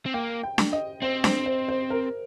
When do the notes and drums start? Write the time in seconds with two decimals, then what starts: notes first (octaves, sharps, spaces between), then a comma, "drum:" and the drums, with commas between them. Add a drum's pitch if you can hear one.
0.06 C4
0.14 A#3 G5
0.43 G5
0.58 drum: snare D4
0.73 D#5
1.02 C4 C5
1.24 C5, drum: snare D4
1.46 C5
1.69 C5
1.90 A#4